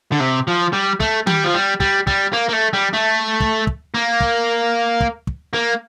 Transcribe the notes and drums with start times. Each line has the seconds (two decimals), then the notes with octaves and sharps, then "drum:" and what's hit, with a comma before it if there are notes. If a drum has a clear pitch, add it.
0.12 D3
0.20 C3
0.48 F3
0.73 G3
1.00 A3, drum: kick
1.27 G3, drum: tom D#3
1.44 F3
1.54 G3
1.80 G3, drum: kick
2.07 G3, drum: kick
2.33 A#3
2.49 A#3
2.53 A3
2.73 G3
2.93 A3
3.40 drum: kick
3.67 drum: kick
3.94 A#3
4.20 drum: kick
5.01 drum: kick
5.27 drum: kick
5.53 A#3